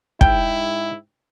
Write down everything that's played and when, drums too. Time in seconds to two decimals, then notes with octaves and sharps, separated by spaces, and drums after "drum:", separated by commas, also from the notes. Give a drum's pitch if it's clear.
0.21 G#2 E4 G5, drum: kick